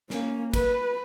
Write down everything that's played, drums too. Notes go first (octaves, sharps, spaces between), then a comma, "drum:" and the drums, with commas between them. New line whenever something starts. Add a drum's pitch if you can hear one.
A#3 C#4, drum: snare
B4, drum: kick, cymbal